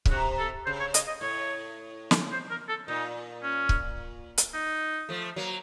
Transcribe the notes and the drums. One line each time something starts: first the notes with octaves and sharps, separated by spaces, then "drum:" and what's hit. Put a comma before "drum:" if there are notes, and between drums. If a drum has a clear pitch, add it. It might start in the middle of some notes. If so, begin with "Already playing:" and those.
C#3, drum: kick C#1
C3 F#4
A4
C#3 C5
C#5
D#5, drum: hi-hat
D#5
A2 C#5
drum: snare
C5
A#4
A4
A#2 D#4
C#4
drum: kick C#1
drum: hi-hat
D#4
F3 A3
F#3 A#3